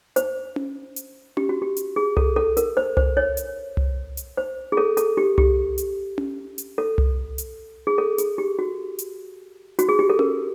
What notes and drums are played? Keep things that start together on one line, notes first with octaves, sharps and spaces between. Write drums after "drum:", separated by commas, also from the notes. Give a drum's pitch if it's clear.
C5, drum: hi-hat
drum: tom C#4
drum: hi-hat
G4, drum: tom C#4
F#4
G4
drum: hi-hat
G#4
A4, drum: tom C2
A4
A#4, drum: hi-hat
C5
C5, drum: tom C2
C#5
drum: hi-hat
drum: tom C2
drum: hi-hat
C5
G#4
A4
A4, drum: hi-hat
G4
G4, drum: tom C2
drum: hi-hat
drum: tom C#4
drum: hi-hat
A4
drum: tom C2
drum: hi-hat
G#4
A4
G#4, drum: hi-hat
G4
F#4
drum: hi-hat
F#4, drum: hi-hat
G#4
G4
A4
A#4, drum: tom C#4